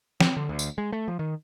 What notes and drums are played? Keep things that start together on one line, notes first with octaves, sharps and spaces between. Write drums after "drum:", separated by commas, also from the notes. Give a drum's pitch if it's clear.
C4, drum: snare
D3
D2
drum: tambourine
G#3
A3
F3
D#3